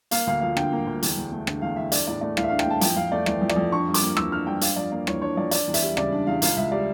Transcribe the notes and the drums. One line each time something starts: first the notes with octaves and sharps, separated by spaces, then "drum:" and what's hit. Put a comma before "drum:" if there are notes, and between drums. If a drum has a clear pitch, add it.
A#3 F5, drum: hi-hat
D2 F5
F3 F5
D3 G5, drum: rim click
A#3
D2
E2, drum: hi-hat
E2
A3
D3, drum: rim click
E2 F5
E2 E5
D4 D5, drum: hi-hat
A2 D5
A3 D5
E3 F5, drum: rim click
E5
D4 F5
G5, drum: rim click
A2 A5
F2 G5, drum: hi-hat
F2 F5
A3 D5
E3 D5, drum: rim click
F2
D5, drum: rim click
F2
D4 C#6
G2
D6, drum: hi-hat
A#3
E3 E6, drum: rim click
D4 F6
G2 G5
D4 F5, drum: hi-hat
F2 D5
A#3 D5
E3 C#5, drum: rim click
D4 C#5
F2 D5
D4 D5, drum: hi-hat
E2
E5, drum: hi-hat
G3
C#3 D5, drum: rim click
D4
E2 F5
C#2 F5, drum: hi-hat
C#2 E5
G3 D5